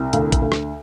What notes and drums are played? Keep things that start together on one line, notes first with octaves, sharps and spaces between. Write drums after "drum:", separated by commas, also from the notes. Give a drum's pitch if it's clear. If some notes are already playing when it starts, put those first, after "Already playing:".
Already playing: C2
D2, drum: hi-hat
drum: kick, hi-hat
D2
drum: rim click